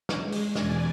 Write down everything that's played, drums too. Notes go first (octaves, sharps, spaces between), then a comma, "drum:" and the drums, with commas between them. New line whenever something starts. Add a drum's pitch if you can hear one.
drum: snare
G#3
drum: open hi-hat
E2 B2 D5 G#5, drum: snare